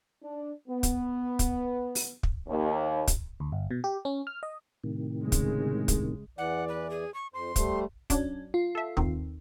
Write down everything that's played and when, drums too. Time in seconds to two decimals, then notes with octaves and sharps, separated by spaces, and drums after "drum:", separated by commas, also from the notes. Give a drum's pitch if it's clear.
0.23 D4
0.68 B3
0.83 drum: kick, hi-hat
1.39 drum: kick, hi-hat
1.95 drum: open hi-hat
2.23 drum: kick
2.47 D#2
3.07 drum: kick, hi-hat
3.40 D2
3.52 G1
3.71 B2
3.84 G4
4.05 C#4
4.27 F6
4.43 D#5
4.84 A2 C3 D#3
5.21 C#3 G#3
5.32 drum: kick, hi-hat
5.88 drum: kick, hi-hat
6.38 E2 E3 D5 F#5
6.68 B4
6.90 G#4
7.14 C#6
7.34 F2 C5 C6
7.56 G3 A3 C5, drum: kick, hi-hat
8.10 F#3 C#4 D4, drum: kick, hi-hat
8.54 F4
8.75 A4 E5
8.97 D#2 D#3 C4, drum: kick